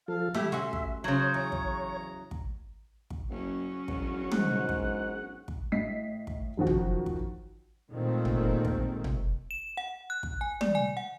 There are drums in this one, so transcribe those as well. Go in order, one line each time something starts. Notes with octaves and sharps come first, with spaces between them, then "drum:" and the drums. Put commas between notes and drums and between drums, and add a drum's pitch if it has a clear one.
F3 A4 F5
A3 E4 G4 E5, drum: tom
C#4 F#4 C6
drum: kick
C#3 F#3 C5 C#5
E2 A#5
drum: kick
drum: kick
drum: kick
F#1 F#3 C#4
E1, drum: kick
G#2 F#5, drum: tom
drum: kick
drum: kick
A2 D#5 B6 C7
drum: kick
F#2 D#3 F3 F#4
drum: tom
drum: kick
A#2 D#3 G#3 A3 C4
drum: tom
drum: kick
drum: tom
E7
F#5
F#6
drum: kick
G#5
D5, drum: tom
G#5
F#5